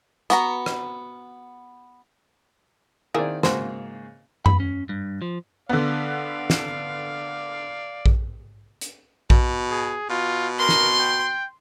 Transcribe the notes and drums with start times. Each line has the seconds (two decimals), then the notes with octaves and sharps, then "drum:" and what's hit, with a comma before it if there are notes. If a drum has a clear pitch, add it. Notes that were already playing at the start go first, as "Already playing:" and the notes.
0.30 B3 F#4 A#5, drum: hi-hat
0.66 drum: rim click
3.14 D#3 A#3 C4 E4 G#4 D5
3.43 G#2 C#3 A#3 F#4 C5, drum: snare
4.46 B5, drum: tom F#2
4.60 C#4
4.89 G2
5.22 F3
5.69 D3 B3 D5 F5
6.50 drum: snare
8.06 drum: kick A#1
8.81 drum: hi-hat
9.30 B2, drum: kick A#1
9.70 G#4
10.09 B2 F4
10.59 A#4 C6
10.69 drum: snare
11.00 G5